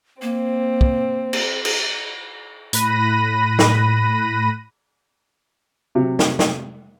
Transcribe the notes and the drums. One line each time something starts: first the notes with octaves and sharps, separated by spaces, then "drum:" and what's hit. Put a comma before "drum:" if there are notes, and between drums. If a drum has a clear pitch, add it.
A#3 C4
drum: kick
drum: cymbal
drum: cymbal
A2 B5 F#6 A#6 D#7, drum: hi-hat
drum: snare
C3 F#3
drum: snare
drum: snare